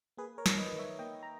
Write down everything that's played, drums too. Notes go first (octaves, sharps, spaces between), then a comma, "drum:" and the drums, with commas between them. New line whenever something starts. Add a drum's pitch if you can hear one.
A#3 G#4 B4
A#4 C#5
D#3, drum: snare
B4 D#5
D#3
C#5 E5
A#3 D#5 G5
A#5